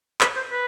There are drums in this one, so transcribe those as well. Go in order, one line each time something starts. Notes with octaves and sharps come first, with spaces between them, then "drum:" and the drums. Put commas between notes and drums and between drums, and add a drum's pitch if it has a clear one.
B4, drum: clap
C5
B4